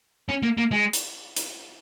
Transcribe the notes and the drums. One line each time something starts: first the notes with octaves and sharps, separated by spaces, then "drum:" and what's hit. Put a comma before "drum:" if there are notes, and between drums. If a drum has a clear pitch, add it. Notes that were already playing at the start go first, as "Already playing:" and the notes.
C#4
A#3
A#3
G#3
drum: hi-hat
drum: hi-hat